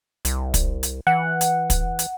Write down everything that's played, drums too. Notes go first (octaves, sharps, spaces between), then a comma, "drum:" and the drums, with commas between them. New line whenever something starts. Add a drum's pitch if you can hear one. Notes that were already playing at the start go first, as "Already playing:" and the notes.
C2, drum: hi-hat
drum: kick, hi-hat
drum: hi-hat
E3 F#5
drum: hi-hat
drum: kick, hi-hat
drum: hi-hat